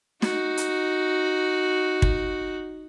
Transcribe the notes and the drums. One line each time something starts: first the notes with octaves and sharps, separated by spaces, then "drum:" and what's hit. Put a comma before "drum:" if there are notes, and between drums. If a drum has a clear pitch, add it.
D#4 F#4, drum: snare
drum: hi-hat
drum: kick